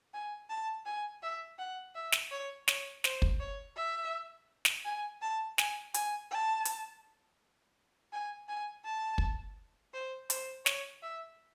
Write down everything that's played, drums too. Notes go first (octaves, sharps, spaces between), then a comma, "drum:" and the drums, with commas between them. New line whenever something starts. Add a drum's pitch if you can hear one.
G#5
A5
G#5
E5
F#5
E5
drum: snare
C#5
C#5, drum: snare
C5, drum: snare
drum: kick
C#5
E5
drum: snare
G#5
A5
G#5, drum: snare
G#5, drum: hi-hat
A5
drum: hi-hat
G#5
G#5
A5
drum: kick
C5
C5, drum: hi-hat
C#5, drum: snare
E5